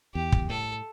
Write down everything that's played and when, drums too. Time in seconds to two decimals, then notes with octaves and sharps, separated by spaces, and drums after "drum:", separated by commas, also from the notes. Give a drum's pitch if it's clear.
0.15 E2 G4
0.32 drum: kick
0.49 A2 A4